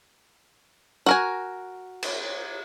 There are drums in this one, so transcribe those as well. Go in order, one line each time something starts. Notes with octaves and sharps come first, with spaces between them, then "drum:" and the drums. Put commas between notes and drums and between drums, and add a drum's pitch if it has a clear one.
F#4 A#4 G#5
drum: cymbal